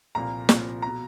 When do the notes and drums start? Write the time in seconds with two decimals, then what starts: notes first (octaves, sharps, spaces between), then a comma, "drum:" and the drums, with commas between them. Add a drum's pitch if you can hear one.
0.15 C2 A#2 F3 A#3 A#5
0.49 C2 A#2 F3 A#3, drum: snare
0.82 B2 A#5